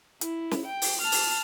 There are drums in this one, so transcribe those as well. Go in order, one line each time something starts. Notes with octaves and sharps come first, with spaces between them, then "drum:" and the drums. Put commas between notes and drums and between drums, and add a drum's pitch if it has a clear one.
E4, drum: hi-hat
drum: snare
G5
drum: open hi-hat
A5 F6
drum: open hi-hat